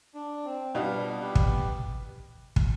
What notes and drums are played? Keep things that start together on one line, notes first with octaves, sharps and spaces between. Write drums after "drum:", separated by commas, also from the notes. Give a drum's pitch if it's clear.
D4
C4
B2 G3 B3 D4 F4
G4 B4
drum: kick
drum: kick